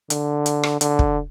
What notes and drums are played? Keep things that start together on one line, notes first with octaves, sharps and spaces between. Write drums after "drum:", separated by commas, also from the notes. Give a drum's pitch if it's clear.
D3, drum: hi-hat
drum: hi-hat
drum: rim click
D3, drum: hi-hat
drum: kick